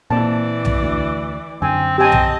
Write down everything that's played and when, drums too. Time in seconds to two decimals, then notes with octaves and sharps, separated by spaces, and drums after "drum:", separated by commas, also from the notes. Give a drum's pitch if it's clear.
0.11 A#2 E3 A#3 C4 D5 A5
0.65 drum: tom B1
0.83 D2
1.62 F#2 D3 C4 G#5
1.98 C4 G4 D#5 G#5 A5
2.12 drum: tom B1